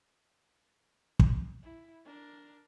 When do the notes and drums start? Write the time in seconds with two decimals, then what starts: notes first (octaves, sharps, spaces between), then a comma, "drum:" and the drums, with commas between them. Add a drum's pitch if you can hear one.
1.19 drum: kick
1.63 E4
2.05 D4 A#4